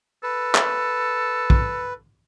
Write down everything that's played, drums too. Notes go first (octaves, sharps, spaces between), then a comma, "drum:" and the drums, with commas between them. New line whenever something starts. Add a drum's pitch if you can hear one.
A4 B4
drum: clap
drum: kick